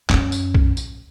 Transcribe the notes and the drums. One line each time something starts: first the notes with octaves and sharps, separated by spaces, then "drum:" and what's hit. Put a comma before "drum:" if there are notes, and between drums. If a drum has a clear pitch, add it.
F#2 C#4, drum: clap
drum: tambourine
drum: kick B1
drum: tambourine